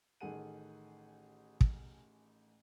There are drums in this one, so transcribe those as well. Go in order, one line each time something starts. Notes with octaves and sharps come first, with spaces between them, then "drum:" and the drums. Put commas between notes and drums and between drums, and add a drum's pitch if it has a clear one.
A1 D#3 G#4 A4 F#5 D#7
drum: kick